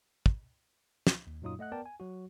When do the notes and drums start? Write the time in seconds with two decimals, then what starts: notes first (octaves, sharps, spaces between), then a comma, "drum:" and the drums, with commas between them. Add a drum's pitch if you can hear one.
0.26 drum: kick
1.07 drum: snare
1.27 D#2
1.42 F#2 A#2 F#3 D#4 F4 D#6
1.59 A3 D#5 F#5 F#6
1.72 B3 A#4 D5 G5 A5
1.86 G#5
2.00 F#3 F#4